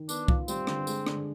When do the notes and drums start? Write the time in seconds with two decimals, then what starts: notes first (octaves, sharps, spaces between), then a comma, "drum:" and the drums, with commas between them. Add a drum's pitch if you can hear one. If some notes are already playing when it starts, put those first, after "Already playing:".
Already playing: D#3
0.09 B3 D4, drum: tambourine
0.28 F4, drum: kick C2
0.48 G3 C4, drum: tambourine
0.67 D3, drum: rim click
0.87 G#3, drum: tambourine
1.07 D3, drum: rim click